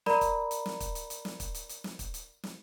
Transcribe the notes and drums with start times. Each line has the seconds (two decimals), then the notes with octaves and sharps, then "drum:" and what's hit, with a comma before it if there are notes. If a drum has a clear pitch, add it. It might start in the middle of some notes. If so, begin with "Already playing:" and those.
0.06 A#4 D5 A#5 B5, drum: snare
0.21 drum: kick, hi-hat
0.51 drum: hi-hat
0.66 drum: snare
0.80 drum: kick, hi-hat
0.95 drum: hi-hat
1.10 drum: hi-hat
1.25 drum: snare
1.40 drum: kick, hi-hat
1.55 drum: hi-hat
1.69 drum: hi-hat
1.84 drum: snare
1.99 drum: kick, hi-hat
2.14 drum: hi-hat
2.43 drum: snare